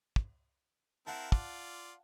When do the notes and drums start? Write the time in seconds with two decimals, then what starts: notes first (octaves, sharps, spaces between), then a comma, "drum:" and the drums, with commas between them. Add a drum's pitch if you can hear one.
0.16 drum: kick
1.07 C4 E4 A#4 F5 F#5 A5
1.32 F4 D5, drum: kick